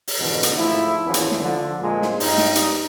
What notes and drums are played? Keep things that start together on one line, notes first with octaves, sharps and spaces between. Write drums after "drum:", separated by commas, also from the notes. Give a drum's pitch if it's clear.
drum: open hi-hat
F2 G#2 B2 D3 E3
drum: hi-hat
G#2 F3 A3 E4
G#1 E2 E3 F3 C#4 E4
drum: hi-hat
drum: snare
D3 F3
A#1 A#2 F3 G#3
drum: snare
G2 D#4, drum: open hi-hat
drum: snare
drum: hi-hat